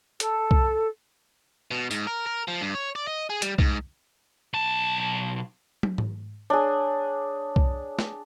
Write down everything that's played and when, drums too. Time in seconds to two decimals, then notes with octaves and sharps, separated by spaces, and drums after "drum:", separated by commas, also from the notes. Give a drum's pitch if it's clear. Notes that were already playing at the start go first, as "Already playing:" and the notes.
0.20 A4, drum: hi-hat
0.51 drum: kick B1
1.71 B2
1.91 G#2, drum: tambourine
2.07 A#4
2.26 A#4
2.48 F3
2.61 G2
2.75 C#5
2.96 D5
3.07 D#5
3.30 G#4
3.42 G3, drum: hi-hat
3.59 G#2, drum: kick B1
4.53 B1 A5
5.83 drum: tom
5.98 drum: tom G#2
6.50 D4 G#4 C#5
7.56 drum: kick B1
7.99 drum: snare